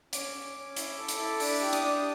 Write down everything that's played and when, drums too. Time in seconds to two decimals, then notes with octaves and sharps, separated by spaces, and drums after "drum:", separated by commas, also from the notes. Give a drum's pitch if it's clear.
0.13 C#4 D6, drum: hi-hat
0.35 C#4
0.55 C#4
0.76 E4, drum: hi-hat
0.98 A4
1.08 drum: hi-hat
1.19 E4
1.40 D4 D6, drum: open hi-hat
1.61 G4
1.73 D#6, drum: hi-hat
1.82 D4